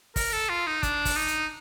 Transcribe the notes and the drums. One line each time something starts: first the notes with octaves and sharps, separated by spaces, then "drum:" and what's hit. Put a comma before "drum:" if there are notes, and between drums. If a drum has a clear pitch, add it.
A#4, drum: kick, open hi-hat
A4
F4
D#4
D4, drum: kick, hi-hat
drum: kick, open hi-hat
D#4
drum: hi-hat